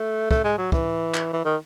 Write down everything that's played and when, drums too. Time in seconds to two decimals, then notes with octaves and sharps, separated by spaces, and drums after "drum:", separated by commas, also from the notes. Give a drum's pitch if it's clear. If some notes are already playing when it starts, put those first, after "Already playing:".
Already playing: A3
0.31 A3, drum: kick
0.44 G#3
0.58 F#3
0.72 E3, drum: kick
1.14 drum: clap
1.33 E3
1.45 D#3